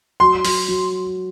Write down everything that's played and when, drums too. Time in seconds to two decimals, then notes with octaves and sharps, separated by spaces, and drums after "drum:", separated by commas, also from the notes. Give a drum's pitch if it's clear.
0.20 F#3 C6
0.45 F#3, drum: open hi-hat
0.68 F#3